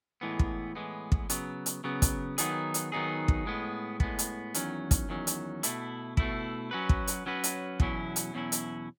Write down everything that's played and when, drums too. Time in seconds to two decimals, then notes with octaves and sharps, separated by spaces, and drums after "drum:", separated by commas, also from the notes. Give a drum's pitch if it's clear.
0.21 A2 E3 G#3 B3
0.39 drum: kick
0.75 A2 E3 G#3 B3
1.12 drum: kick
1.30 C#3 F#3 B3, drum: hi-hat
1.66 drum: hi-hat
1.84 C#3 F#3 B3
2.02 drum: kick, hi-hat
2.38 D#3 F#3 B3 D#4 G#4, drum: hi-hat
2.74 drum: hi-hat
2.92 D#3 F#3 B3 D#4 G#4
3.28 drum: kick
3.46 A2 G#3 B3
4.00 A2 G#3 B3, drum: kick
4.19 drum: hi-hat
4.54 E2 D#3 F#3 C#4, drum: hi-hat
4.91 drum: kick, hi-hat
5.09 E2 D#3 F#3 C#4
5.27 drum: hi-hat
5.63 B2 A3 E4, drum: hi-hat
6.17 B2 A3 E4, drum: kick
6.71 F#3 C#4 F#4 B4
6.89 drum: kick
7.07 drum: hi-hat
7.26 F#3 C#4 F#4 B4
7.44 drum: hi-hat
7.80 E2 B2 F#3 C#4 E4, drum: kick
8.16 drum: hi-hat
8.34 E2 B2 F#3 C#4 E4
8.52 drum: hi-hat